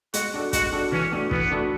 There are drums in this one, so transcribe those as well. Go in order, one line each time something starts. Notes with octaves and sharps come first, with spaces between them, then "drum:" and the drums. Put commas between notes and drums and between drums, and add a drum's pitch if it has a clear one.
G#3 F#4, drum: hi-hat
D4 F#4 A4
G#3 F#4, drum: kick, hi-hat
D4 F#4 A4
E3 C#4
A3 D4 F#4 A4
E3 B3, drum: kick
A3 D4 F#4 A4